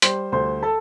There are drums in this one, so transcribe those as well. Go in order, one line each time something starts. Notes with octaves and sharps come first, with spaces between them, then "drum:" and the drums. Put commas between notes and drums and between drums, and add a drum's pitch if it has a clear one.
G3 C5 C6, drum: hi-hat
D2 C5 C6
A4 A5